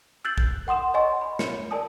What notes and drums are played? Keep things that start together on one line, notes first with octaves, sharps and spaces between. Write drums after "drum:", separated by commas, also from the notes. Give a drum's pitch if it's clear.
E6 F#6 G6 A6 C7 F#7
drum: kick
A#4 F#5 C6 D#6 E7
C#5 D#5 F#5 G#5 C6 C#6
B5
C#5 C#7, drum: snare
A#4 D5 G#5 A5 D#6